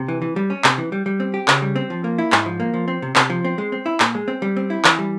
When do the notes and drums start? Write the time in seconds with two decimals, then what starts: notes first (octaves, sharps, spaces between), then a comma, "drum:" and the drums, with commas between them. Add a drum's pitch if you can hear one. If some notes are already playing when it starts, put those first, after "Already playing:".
Already playing: C3
0.08 E3
0.22 E3
0.36 G3
0.50 C#4
0.64 C3, drum: clap
0.78 E3
0.92 G3
1.06 G3
1.20 C4
1.34 G4
1.48 C#3, drum: clap
1.62 G3
1.76 C4
1.90 F3
2.04 A#3
2.18 E4
2.32 G#2, drum: clap
2.46 F3
2.60 A#3
2.74 F3
2.88 C4
3.02 C3
3.16 C3, drum: clap
3.30 F3
3.44 C4
3.58 G#3
3.72 C4
3.86 E4
4.00 A#2, drum: clap
4.15 G#3
4.28 C4
4.42 G3
4.56 C4
4.70 E4
4.84 E3, drum: clap
4.99 G3